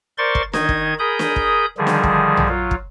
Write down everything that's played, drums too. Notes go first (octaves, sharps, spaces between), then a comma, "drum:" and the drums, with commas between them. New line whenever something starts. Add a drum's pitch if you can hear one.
A#4 C5 D5 C6 C#6 A6
drum: kick
D#3 D#4 D#5 G#6, drum: snare
drum: kick
G#4 A#4 B5 D#6 G6
drum: snare
drum: kick
D3 D#3 F3 G3 G#4
drum: snare
drum: kick
drum: tom A#1
F#3 F4
drum: kick